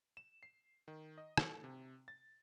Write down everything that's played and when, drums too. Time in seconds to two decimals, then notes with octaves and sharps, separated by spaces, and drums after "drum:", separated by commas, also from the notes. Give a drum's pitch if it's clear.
0.17 E7
0.43 C7
0.88 D#3
1.18 D#5
1.37 A4, drum: rim click
1.64 C3
2.08 A6